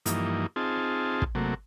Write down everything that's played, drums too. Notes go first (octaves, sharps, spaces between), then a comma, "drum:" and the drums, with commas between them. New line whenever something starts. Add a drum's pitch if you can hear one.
G2 E3 F3 A#3 D#4, drum: hi-hat
C4 D#4 F4 G#4 A5
drum: kick
C3 F#3 A3 A#3